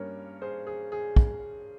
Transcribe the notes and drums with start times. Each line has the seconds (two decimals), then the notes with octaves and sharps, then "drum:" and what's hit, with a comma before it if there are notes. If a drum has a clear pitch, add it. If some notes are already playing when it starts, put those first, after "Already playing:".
Already playing: G2 G3 A#3 C#4 A#4 C#5
0.42 G#4 C5
0.67 G#4
0.92 G#4
1.16 drum: kick